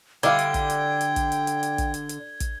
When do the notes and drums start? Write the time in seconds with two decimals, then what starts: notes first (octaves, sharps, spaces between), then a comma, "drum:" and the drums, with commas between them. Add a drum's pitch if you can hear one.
0.23 D3 G3 E4 F5 G5 G#6 G7, drum: hi-hat
0.39 drum: hi-hat
0.54 drum: kick, hi-hat
0.70 drum: hi-hat
1.01 drum: hi-hat
1.16 drum: kick, hi-hat
1.32 drum: hi-hat
1.47 drum: hi-hat
1.63 drum: hi-hat
1.78 drum: kick, hi-hat
1.94 drum: hi-hat
2.09 drum: hi-hat
2.41 drum: kick, hi-hat